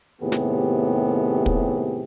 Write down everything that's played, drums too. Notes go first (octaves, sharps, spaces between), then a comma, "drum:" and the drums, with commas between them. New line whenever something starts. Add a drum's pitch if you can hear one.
D#2 A2 C3 B3 G4 G#4
drum: snare
drum: kick